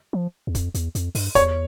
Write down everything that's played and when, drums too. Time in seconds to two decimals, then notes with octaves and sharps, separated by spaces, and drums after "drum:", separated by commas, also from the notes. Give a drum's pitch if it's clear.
0.13 F3
0.47 E2
0.55 F2, drum: kick, hi-hat
0.74 E2, drum: hi-hat
0.95 F2, drum: hi-hat
1.15 G2, drum: open hi-hat
1.35 E2 C#5, drum: kick, hi-hat